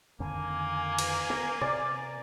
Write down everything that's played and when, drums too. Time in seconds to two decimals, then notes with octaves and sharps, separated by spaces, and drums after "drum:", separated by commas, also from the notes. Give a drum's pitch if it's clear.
0.20 F2 D3 D#3 A#3 G#5
0.99 drum: cymbal
1.30 B3 A#4
1.61 C3 D5